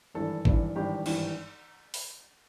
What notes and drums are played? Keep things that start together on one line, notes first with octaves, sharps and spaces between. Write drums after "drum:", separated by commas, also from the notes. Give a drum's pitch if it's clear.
G#1 G2 E3 A4
G#1 G2 E3, drum: kick G#1
G#1 G2 E3 G4
G#1 G2 E3, drum: cymbal
drum: open hi-hat